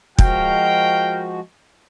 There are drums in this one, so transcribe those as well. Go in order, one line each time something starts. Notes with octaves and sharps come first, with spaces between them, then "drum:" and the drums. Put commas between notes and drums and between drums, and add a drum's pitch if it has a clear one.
F3 G#3 F#4 A#4 F5 G5, drum: kick